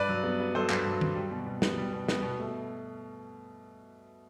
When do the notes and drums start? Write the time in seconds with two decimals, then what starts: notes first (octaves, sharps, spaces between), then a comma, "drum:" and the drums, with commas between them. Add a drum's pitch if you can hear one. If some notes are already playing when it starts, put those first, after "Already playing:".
Already playing: G2 B4 D5
0.09 F#3
0.24 B3
0.40 B3
0.55 F#3 A4 C5
0.70 G2, drum: clap
0.86 F#3
1.01 F#3, drum: tom
1.15 G3
1.31 B2
1.47 B2
1.62 B3, drum: snare
1.78 G3
1.93 B2
2.08 B3, drum: snare
2.23 B2
2.39 A3